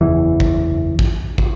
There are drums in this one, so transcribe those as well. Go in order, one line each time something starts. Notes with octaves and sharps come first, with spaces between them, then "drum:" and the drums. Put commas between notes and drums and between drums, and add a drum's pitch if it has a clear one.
F#1 E2 E3
drum: kick
drum: kick
drum: kick